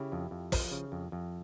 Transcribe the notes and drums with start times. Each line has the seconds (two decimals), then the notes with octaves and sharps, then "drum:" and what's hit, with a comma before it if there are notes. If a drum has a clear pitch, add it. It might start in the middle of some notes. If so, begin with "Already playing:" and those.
Already playing: C#3 E4 G4
0.12 F2
0.31 F2
0.52 F3, drum: kick, open hi-hat
0.72 C#3
0.92 F2
1.12 F2